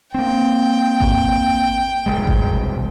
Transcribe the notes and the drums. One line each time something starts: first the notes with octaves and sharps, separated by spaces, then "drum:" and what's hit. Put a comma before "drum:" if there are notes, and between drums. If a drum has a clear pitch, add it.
A#3 C4 G5
drum: kick G#1
E1 C2 G#3
drum: kick G#1